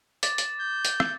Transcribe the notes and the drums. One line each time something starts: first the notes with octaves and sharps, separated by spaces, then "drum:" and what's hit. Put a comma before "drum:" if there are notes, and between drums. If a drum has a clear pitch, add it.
D6 A6, drum: hi-hat
drum: hi-hat
G6
drum: hi-hat
drum: rim click